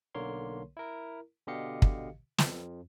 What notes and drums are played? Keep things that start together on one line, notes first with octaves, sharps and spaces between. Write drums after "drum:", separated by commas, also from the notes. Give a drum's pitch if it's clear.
B1 D3 A#3 A#4 C#5 C6
E4 A#4
B2 D3 G4 D#5 F5 C#7
drum: kick
F2 F3, drum: snare